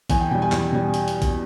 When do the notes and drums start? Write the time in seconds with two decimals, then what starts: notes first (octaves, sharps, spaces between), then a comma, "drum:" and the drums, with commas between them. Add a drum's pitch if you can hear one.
0.10 E2 G#5, drum: kick A#1, hi-hat
0.21 G5
0.31 B2 G3 G5
0.42 G#5
0.52 E2, drum: clap
0.72 B2 G3
0.94 drum: hi-hat
1.08 drum: hi-hat
1.22 drum: kick A#1, hi-hat